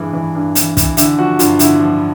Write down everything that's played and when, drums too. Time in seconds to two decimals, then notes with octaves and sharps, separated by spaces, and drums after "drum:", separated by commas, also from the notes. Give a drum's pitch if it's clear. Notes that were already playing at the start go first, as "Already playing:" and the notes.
Already playing: G2 E3 G#3
0.13 E3
0.35 G2
0.55 E3, drum: hi-hat
0.77 E3, drum: kick, hi-hat
0.97 D3 E4, drum: hi-hat
1.18 F3 F#4
1.39 G2 F4, drum: hi-hat
1.59 D3 E4, drum: hi-hat
1.80 F3